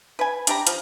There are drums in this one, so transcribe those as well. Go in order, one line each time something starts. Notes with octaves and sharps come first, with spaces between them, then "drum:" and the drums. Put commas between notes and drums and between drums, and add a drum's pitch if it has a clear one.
B4 G#5
D4 G4 A#5, drum: hi-hat
F3, drum: hi-hat